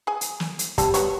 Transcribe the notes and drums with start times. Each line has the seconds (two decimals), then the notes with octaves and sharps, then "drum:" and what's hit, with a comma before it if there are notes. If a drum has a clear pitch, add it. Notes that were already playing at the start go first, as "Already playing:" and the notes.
0.07 G#4 G#5
0.21 drum: hi-hat
0.40 drum: snare
0.59 drum: hi-hat
0.78 G3 C4 A5, drum: kick, hi-hat
0.94 B3 F#4 C#5, drum: hi-hat